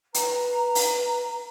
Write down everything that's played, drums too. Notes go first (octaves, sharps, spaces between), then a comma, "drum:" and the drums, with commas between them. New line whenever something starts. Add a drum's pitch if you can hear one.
B4 A#5, drum: hi-hat
drum: open hi-hat